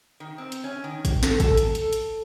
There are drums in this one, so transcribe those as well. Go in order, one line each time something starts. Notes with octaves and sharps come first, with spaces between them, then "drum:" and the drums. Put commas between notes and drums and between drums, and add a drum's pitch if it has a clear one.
D#3
C4
drum: hi-hat
C#4
D#3
drum: kick, hi-hat
A4, drum: snare
A4, drum: kick, hi-hat
drum: hi-hat
drum: hi-hat
drum: hi-hat